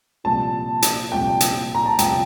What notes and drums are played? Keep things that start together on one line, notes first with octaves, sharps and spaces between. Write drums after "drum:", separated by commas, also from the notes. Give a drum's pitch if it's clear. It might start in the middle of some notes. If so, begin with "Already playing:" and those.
C2 A#2 F3 A5
drum: hi-hat
C2 A#2 F3 G5
drum: hi-hat
A#5
A5
C2 A#2 F3 G5, drum: hi-hat